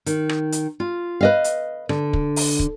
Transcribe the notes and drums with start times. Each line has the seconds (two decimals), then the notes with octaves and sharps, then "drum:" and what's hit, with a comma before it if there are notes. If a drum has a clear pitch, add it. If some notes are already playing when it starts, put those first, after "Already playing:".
0.06 D#3, drum: hi-hat
0.29 drum: rim click
0.52 drum: hi-hat
0.80 F4
1.21 B4 D#5 F5
1.44 drum: hi-hat
1.89 D3, drum: rim click
2.13 drum: kick
2.36 drum: open hi-hat
2.59 drum: kick